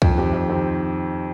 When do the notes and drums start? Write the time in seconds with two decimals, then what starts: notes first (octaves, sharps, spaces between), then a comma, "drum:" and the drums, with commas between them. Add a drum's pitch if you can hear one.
0.02 F2, drum: kick C2
0.17 D#3 C4 G4
0.33 F2
0.48 D#3 C4 G4